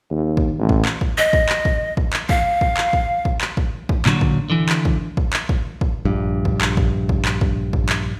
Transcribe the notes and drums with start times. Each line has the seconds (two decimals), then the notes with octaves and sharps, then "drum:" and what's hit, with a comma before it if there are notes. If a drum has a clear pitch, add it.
0.10 D#2
0.37 drum: kick
0.58 A1
0.69 drum: kick
0.85 drum: clap
1.01 drum: kick
1.18 D#5
1.33 drum: kick
1.49 drum: clap
1.65 drum: kick
1.97 drum: kick
2.13 drum: clap
2.29 F5, drum: kick
2.61 drum: kick
2.77 drum: clap
2.93 drum: kick
3.25 drum: kick
3.41 drum: clap
3.57 drum: kick
3.89 drum: kick
4.06 A#2 D3 F#3, drum: clap
4.21 drum: kick
4.50 D3 E3
4.69 drum: clap
4.85 drum: kick
5.17 drum: kick
5.33 drum: clap
5.49 drum: kick
5.81 drum: kick
6.05 A#1 G2
6.45 drum: kick
6.61 drum: clap
6.77 drum: kick
7.09 drum: kick
7.25 drum: clap
7.41 drum: kick
7.73 drum: kick
7.89 drum: clap